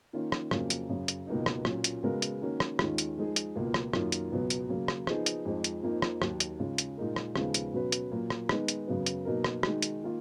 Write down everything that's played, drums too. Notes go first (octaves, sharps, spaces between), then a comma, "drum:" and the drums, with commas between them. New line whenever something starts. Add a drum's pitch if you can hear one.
D#3 A#3 C#4 F4
drum: rim click
F2 C#3 F#3 A#3 C#4, drum: rim click
drum: hi-hat
F#2 C#3 F#3
drum: hi-hat
C#2 B2 A#3 D#4
drum: rim click
A#2 F#3 C#4, drum: rim click
drum: hi-hat
C#3 G#3 B3 F#4 A#4
drum: hi-hat
D#3 A#3 C#4 F#4 A#4
drum: rim click
D#2 D#3 G#3 C#4 F4, drum: rim click
drum: hi-hat
F3 G#3 D#4 G#4
drum: hi-hat
C#2 B2 A#3 F4
drum: rim click
F#2 D#3 A#3 F4, drum: rim click
drum: hi-hat
C#2 B2 F#3 B3
drum: hi-hat
C#3 F#3 A#3
drum: rim click
F3 B3 D#4 G#4, drum: rim click
drum: hi-hat
F2 F3 G#3 D#4
drum: hi-hat
F2 F3 A#3 D#4
drum: rim click
D#2 D#3 F#3, drum: rim click
drum: hi-hat
C#3 G#3 C#4 F4
drum: hi-hat
A#2 G#3 D#4 A#4
drum: rim click
D#2 C#3 F3 G#3 B3, drum: rim click
drum: hi-hat
B2 F#3 C#4 F#4 B4
drum: hi-hat
A#2 F#3 A#3
drum: rim click
D#3 G#3 B3 D#4, drum: rim click
drum: hi-hat
F#2 C#3 F#3 B3
drum: hi-hat
B2 F#3 A#3 D#4 A#4
drum: rim click
D#3 G#3 D#4 F#4, drum: rim click
drum: hi-hat
D#3 A#3 F4